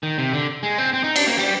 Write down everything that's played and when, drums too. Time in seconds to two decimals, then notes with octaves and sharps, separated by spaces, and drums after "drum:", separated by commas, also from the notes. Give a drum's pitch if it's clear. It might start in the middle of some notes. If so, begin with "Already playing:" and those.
0.03 D#3
0.18 C3
0.33 D3
0.63 G#3
0.78 C4
0.93 C4
1.04 D#4
1.16 D4, drum: cymbal
1.27 A#3
1.38 G3